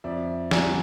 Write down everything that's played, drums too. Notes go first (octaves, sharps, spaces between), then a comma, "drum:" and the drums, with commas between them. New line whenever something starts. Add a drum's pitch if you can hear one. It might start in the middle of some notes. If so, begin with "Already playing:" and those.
F2 D5 E5
D3 G3 B3 G#5 A#5, drum: snare